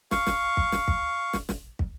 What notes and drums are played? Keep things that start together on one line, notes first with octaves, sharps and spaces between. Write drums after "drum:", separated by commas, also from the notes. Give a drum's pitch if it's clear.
F5 C#6, drum: snare
drum: snare
drum: kick
drum: snare
drum: kick
drum: snare
drum: snare
drum: kick